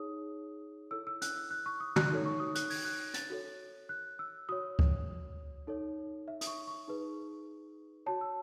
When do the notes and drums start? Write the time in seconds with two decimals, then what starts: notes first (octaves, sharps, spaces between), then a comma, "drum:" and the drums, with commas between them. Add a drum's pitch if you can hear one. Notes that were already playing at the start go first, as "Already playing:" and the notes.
Already playing: D#4 G#4 C#5 D#6
0.91 E4 A4 C#5 E6
1.07 E6
1.22 F#6, drum: hi-hat
1.37 E6
1.51 F#6
1.66 C#6
1.80 D#6
1.96 F#6, drum: tom
2.10 D#4 F#4 A4 C#5
2.25 C#6
2.40 D#6
2.55 F#6, drum: hi-hat
2.70 G#6, drum: open hi-hat
2.85 F#6
3.14 A6, drum: hi-hat
3.30 F#4 A4 C#5
3.89 F#6
4.19 E6
4.49 F#4 C#5 D#6
4.79 drum: kick C#2
5.67 D#4 A4 C#5
6.28 E5
6.41 D#6, drum: hi-hat
6.47 C#6
6.67 C#6
6.88 D#4 G#4 B4
8.06 F#4 C#5 A5
8.21 E6